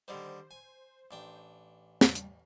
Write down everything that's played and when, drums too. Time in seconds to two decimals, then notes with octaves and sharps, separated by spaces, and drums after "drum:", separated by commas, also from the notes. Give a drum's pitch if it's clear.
0.08 D3 D#3 G3 C5
0.51 G#5
1.11 A1 D4 G5
2.01 G3, drum: snare
2.15 drum: hi-hat